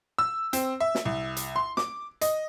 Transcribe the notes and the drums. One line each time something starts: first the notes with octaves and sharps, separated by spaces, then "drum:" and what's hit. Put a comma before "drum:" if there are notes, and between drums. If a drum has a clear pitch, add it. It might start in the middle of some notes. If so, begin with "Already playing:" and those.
E6
C4, drum: hi-hat
E5
drum: snare
C2
drum: hi-hat
C6
D6, drum: snare
D#5, drum: hi-hat